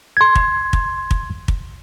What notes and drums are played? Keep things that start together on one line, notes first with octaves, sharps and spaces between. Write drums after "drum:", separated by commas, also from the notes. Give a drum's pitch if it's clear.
C6 G#6
drum: kick
drum: kick
drum: kick
drum: kick